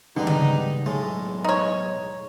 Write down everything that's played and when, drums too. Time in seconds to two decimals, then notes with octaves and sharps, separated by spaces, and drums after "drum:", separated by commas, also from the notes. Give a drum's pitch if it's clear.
0.17 D#2 G#2 D3 G3 B3 D4 D#4
0.27 drum: tom C#3
0.86 B1 E2 A2 G#3 A5
1.44 D#4 C#5